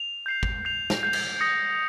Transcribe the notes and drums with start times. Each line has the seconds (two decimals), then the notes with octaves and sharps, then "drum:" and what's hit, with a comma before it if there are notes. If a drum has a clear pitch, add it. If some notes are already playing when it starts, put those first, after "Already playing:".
Already playing: F7
0.26 G6 C7 F7
0.43 drum: kick
0.65 G6 C7 F7
0.90 drum: snare
1.03 G6 C7 F7
1.13 drum: cymbal
1.40 D#6 G6 A#6 C#7